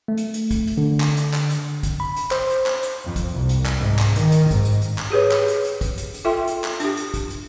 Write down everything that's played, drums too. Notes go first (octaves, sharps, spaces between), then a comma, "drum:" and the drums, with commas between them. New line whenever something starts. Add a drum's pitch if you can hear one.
A3
drum: hi-hat
drum: hi-hat
drum: kick, hi-hat
drum: hi-hat
D3
drum: clap
drum: hi-hat
drum: clap
drum: hi-hat
drum: kick, hi-hat
B5
drum: hi-hat
C5, drum: clap
drum: hi-hat
drum: clap
drum: hi-hat
F2
drum: kick, hi-hat
C2
drum: hi-hat
drum: clap
G#2
drum: clap
D#3, drum: hi-hat
drum: hi-hat
G#2, drum: kick, hi-hat
drum: hi-hat
drum: hi-hat
drum: clap
G4 G#4 B4 C#5
drum: clap
drum: hi-hat
drum: hi-hat
drum: kick, hi-hat
drum: hi-hat
drum: hi-hat
F4 A4 E5 G5 C6
drum: hi-hat
drum: clap
D4 G4, drum: hi-hat
drum: hi-hat
drum: kick, hi-hat
drum: hi-hat